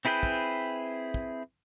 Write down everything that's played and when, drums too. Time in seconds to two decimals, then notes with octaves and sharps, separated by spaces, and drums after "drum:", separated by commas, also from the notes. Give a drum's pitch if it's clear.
0.05 C4 E4 G#4 B4 G5
0.23 drum: kick
1.14 drum: kick